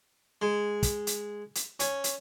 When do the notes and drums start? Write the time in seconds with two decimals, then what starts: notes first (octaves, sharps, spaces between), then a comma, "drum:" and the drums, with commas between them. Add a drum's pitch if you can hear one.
0.42 G#3
0.83 drum: kick, hi-hat
1.07 drum: hi-hat
1.55 drum: hi-hat
1.80 C#4, drum: hi-hat
2.04 drum: hi-hat